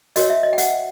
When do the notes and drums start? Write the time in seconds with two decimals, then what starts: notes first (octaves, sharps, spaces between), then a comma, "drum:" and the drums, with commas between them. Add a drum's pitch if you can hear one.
0.16 F#4 A#4 C#5 D#5, drum: hi-hat
0.30 E5
0.43 D#5
0.53 G5
0.58 F#5, drum: hi-hat